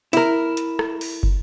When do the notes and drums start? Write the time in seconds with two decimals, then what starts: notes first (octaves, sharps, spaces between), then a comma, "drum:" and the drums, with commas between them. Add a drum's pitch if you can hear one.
0.13 E4 A#4, drum: hi-hat
0.57 drum: hi-hat
0.79 drum: rim click
1.01 drum: open hi-hat
1.23 drum: kick